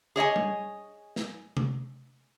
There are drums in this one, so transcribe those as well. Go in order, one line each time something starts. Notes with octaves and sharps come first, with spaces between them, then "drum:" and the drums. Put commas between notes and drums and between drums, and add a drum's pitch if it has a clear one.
G#4 C#5 D#5 G#5
drum: tom G3
drum: snare
drum: tom C3